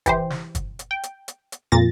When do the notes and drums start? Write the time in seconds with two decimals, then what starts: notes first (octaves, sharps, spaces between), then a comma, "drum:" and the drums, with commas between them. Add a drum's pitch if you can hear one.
0.06 E3 G4 C5, drum: kick, hi-hat
0.30 drum: snare
0.55 drum: kick, hi-hat
0.79 drum: hi-hat
0.91 G5
1.03 drum: hi-hat
1.28 drum: hi-hat
1.52 drum: hi-hat
1.72 F2 A#2 A6 A#6